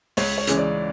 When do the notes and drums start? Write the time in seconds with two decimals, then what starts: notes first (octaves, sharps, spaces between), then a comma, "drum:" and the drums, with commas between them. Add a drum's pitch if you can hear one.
0.17 C#2 C#5, drum: open hi-hat
0.38 C#5
0.47 C#3 E3 G#3 C#4, drum: hi-hat
0.57 D5